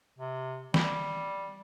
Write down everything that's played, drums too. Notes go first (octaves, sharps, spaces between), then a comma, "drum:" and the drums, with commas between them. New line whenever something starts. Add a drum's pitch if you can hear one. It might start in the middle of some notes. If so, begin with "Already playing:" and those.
C3
G3, drum: snare